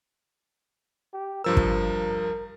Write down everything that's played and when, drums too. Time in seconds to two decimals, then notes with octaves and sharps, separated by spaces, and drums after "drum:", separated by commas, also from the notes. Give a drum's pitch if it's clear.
1.14 G4
1.44 G2 F3 A#4 E6
1.57 drum: kick